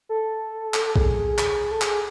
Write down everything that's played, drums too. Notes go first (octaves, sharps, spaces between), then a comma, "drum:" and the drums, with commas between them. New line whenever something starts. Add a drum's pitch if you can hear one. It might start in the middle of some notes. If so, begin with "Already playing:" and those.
A4
drum: clap
G#4, drum: kick B1
drum: clap
A4
G#4, drum: clap